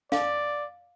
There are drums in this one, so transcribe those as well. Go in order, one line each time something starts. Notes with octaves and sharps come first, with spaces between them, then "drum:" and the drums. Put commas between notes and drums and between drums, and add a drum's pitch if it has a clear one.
D5 F5, drum: snare